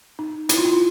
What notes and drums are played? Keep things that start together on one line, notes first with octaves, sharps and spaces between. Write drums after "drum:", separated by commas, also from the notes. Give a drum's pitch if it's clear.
D#4
E4, drum: hi-hat
F4
E4
F4